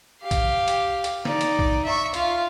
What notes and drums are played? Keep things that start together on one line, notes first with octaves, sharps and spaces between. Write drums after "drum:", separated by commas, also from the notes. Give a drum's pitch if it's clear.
G4 F5
drum: kick A#1, hi-hat
drum: hi-hat
drum: hi-hat
D#4 D5, drum: snare
drum: hi-hat
drum: kick A#1
E5 C#6
F4 F5, drum: hi-hat